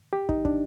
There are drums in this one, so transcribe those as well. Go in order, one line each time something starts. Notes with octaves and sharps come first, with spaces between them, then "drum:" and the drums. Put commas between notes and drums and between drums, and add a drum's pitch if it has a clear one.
G4
D#4, drum: kick
D4, drum: kick